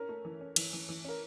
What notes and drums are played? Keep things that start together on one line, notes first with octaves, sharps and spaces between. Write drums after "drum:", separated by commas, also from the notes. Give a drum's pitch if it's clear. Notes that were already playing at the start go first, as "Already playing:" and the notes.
Already playing: C#4 A#4
A3
E3
C#4
E3, drum: cymbal
E3
E3
C#4 A#4